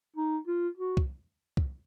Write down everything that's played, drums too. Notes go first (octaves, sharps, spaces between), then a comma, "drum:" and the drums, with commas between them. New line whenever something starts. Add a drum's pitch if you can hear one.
D#4
F4
F#4
drum: kick
drum: kick